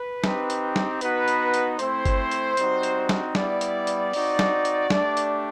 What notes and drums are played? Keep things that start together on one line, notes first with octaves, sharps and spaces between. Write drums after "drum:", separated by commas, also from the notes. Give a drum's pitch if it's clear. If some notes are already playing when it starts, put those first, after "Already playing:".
Already playing: B4
C4 D#4 G4, drum: snare
drum: hi-hat
drum: snare
B3 D#4 F#4 B4, drum: hi-hat
drum: hi-hat
drum: hi-hat
A3 C4 E4 C5, drum: hi-hat
drum: kick G1, hi-hat
drum: hi-hat
G3 C4 D#4 F#4, drum: hi-hat
drum: hi-hat
drum: snare
G3 B3 E4 D5, drum: snare
drum: hi-hat
drum: hi-hat
C4 D#4 F#4, drum: open hi-hat
drum: snare
drum: hi-hat
A3 D4 G4, drum: snare
drum: hi-hat